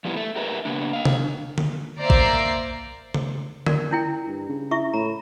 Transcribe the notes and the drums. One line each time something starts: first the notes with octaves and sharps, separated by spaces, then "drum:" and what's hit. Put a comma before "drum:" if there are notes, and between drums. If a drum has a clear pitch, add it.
F3 G3 B3 D4 E4
A4 E5
G4 A#4 B4 E5
C#3 A#3 B3 D4
D#5 F5
drum: tom
drum: tom D3
A#3 C5 D5 E5 A#5 C7
drum: kick A1
drum: tom C#3
F#4 A#4 D5, drum: tom D3
C#4 E4 G5
G2
C#3
E4 E5 C#6
A2 A#5 B5